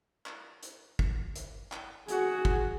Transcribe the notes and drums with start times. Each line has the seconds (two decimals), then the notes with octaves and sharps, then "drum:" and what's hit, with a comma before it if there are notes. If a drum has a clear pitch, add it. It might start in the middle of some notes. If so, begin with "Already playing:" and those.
0.26 drum: clap
0.63 drum: hi-hat
0.99 drum: kick
1.36 drum: hi-hat
1.72 drum: clap
2.08 F#4 G#4, drum: hi-hat
2.45 drum: kick